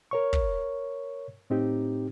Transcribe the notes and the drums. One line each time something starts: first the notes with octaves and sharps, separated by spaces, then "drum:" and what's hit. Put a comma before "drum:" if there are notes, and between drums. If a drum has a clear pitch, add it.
A#4 C#5 C#6
drum: kick
A2 C4 D#4 G4